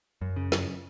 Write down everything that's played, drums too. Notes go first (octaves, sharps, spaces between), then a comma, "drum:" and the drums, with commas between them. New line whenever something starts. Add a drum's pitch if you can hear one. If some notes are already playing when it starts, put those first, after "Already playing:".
F#2
C#3
F#2, drum: snare